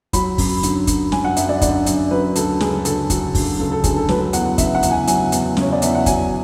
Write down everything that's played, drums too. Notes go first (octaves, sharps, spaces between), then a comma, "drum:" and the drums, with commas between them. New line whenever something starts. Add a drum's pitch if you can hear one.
F#3 B5, drum: kick, hi-hat
F#2, drum: kick, open hi-hat
D3, drum: hi-hat
F#2, drum: kick, hi-hat
F#3 G#5, drum: snare
F#5
F#2 E5, drum: hi-hat
D5
D3 D5, drum: kick, hi-hat
F#2, drum: hi-hat
F#3 B4
D2 A4, drum: hi-hat
C#3 G#4, drum: snare
D2 A4, drum: hi-hat
F#3, drum: kick, hi-hat
D2, drum: kick, open hi-hat
C#3 A4
A4
D2 G#4, drum: kick, hi-hat
A4
F#3 B4, drum: snare
E2 F#5, drum: hi-hat
C#3 E5, drum: kick, hi-hat
F#5
E2, drum: hi-hat
G#5
F#3 G#5, drum: hi-hat
E2, drum: hi-hat
C#3 C#5, drum: snare
D5
E2 E5, drum: hi-hat
F#5
F#3 G#5, drum: kick, hi-hat